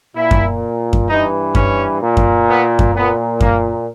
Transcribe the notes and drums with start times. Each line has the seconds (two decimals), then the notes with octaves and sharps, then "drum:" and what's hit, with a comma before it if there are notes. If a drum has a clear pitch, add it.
0.15 A#2 E4
0.31 drum: kick F#2
0.93 drum: kick F#2
1.09 G2 E3 D#4
1.55 C#4, drum: kick F#2
2.01 A#2
2.17 drum: kick F#2
2.48 B3
2.79 drum: kick F#2
2.94 A#2 B3
3.41 A#3, drum: kick F#2